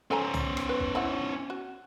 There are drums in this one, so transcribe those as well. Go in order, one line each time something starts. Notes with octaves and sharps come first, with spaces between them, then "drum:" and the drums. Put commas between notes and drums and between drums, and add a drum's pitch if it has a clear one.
C#4 A4 C5 G#5 A#5
drum: tom
drum: rim click
B4
drum: kick
C4 E4 F#5
F#4